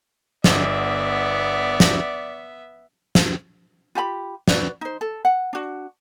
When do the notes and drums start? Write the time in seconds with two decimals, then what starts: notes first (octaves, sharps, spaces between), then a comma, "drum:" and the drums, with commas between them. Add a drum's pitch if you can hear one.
0.44 G1 B3 D5 E5, drum: snare
1.80 drum: snare
3.15 drum: snare
3.95 F4 G4 G5 B5
4.48 F#4 B4 D5, drum: snare
4.81 D#4 C5
5.01 A4
5.25 F#5
5.53 D4 F#4